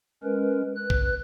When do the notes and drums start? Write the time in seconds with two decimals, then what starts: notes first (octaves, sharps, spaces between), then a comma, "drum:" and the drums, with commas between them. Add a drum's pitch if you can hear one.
0.23 G#3 C#4 A#4 B4
0.76 B4 F#6
0.90 drum: kick B1